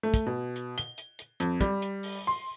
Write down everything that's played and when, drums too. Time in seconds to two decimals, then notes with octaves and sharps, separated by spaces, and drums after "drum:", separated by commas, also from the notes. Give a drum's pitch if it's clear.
0.03 A3
0.14 drum: kick, hi-hat
0.26 B2
0.56 drum: hi-hat
0.78 G7, drum: hi-hat
0.98 drum: hi-hat
1.19 drum: hi-hat
1.40 F2, drum: hi-hat
1.61 G3, drum: kick, hi-hat
1.82 drum: hi-hat
2.03 drum: open hi-hat
2.27 C6